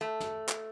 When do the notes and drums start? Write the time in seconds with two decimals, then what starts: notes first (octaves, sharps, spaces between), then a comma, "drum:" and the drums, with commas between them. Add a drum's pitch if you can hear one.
0.01 A3
0.20 drum: snare
0.49 drum: clap